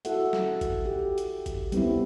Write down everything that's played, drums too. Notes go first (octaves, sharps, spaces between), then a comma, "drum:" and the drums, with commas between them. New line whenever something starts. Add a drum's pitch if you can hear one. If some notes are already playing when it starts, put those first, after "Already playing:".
E4 F#4 A4 E5 F#5, drum: hi-hat
drum: snare
drum: kick, hi-hat
G4
drum: hi-hat
drum: kick, hi-hat
G3 B3 C4 E4, drum: hi-hat